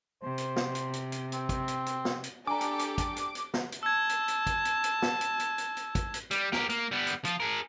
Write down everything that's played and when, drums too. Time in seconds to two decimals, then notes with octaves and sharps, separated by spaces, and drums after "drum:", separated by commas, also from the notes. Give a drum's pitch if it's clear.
0.22 C3 C5
0.38 drum: hi-hat
0.56 drum: snare
0.75 drum: hi-hat
0.93 drum: hi-hat
1.12 drum: hi-hat
1.32 C4, drum: hi-hat
1.49 drum: kick, hi-hat
1.68 drum: hi-hat
1.86 drum: hi-hat
2.05 drum: snare
2.24 drum: hi-hat
2.47 D4 G4 A4 G#5 A#5 D6
2.61 drum: hi-hat
2.79 drum: hi-hat
2.98 drum: kick, hi-hat
3.16 drum: hi-hat
3.35 drum: hi-hat
3.54 drum: snare
3.72 drum: hi-hat
3.83 A5 E6 G#6
4.09 drum: hi-hat
4.28 drum: hi-hat
4.47 drum: kick, hi-hat
4.65 drum: hi-hat
4.84 drum: hi-hat
5.02 drum: snare
5.21 drum: hi-hat
5.39 drum: hi-hat
5.58 drum: hi-hat
5.77 drum: hi-hat
5.95 drum: kick, hi-hat
6.14 drum: hi-hat
6.31 G3, drum: hi-hat
6.52 G4 A#4, drum: snare
6.70 A#3, drum: hi-hat
6.91 G3 B3
7.07 drum: hi-hat
7.25 F3 F4, drum: hi-hat
7.40 G#4 A#4